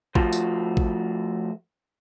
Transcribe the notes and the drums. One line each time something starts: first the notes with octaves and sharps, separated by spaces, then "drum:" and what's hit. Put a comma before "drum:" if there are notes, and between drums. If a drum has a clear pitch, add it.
F3 A3 F4 F#4 C5, drum: kick A1
drum: tambourine
drum: kick A1